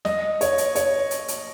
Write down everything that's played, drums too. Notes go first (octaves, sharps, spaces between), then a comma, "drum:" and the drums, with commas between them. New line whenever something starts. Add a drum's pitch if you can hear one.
D#5, drum: snare
C#5, drum: hi-hat
drum: hi-hat
C#5, drum: hi-hat
drum: hi-hat
drum: hi-hat